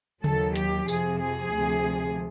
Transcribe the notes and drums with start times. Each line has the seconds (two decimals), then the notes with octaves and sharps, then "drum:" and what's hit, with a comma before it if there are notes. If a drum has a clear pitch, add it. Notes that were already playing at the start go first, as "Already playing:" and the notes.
0.24 D#2 D#3 F#3 A4, drum: tom C#3
0.56 G4, drum: hi-hat
0.88 F2 C3 F3 G#4, drum: tambourine
1.20 G#4
1.52 D2 C3 F3